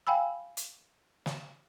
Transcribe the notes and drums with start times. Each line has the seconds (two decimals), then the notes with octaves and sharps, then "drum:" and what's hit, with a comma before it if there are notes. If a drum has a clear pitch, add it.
0.07 F5 G5 G#5 B5 E6
0.57 drum: hi-hat
1.26 drum: snare